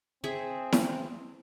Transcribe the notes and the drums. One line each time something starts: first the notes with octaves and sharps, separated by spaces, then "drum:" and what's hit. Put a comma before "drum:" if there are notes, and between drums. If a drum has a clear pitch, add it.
C4 G#4 E5
drum: snare E4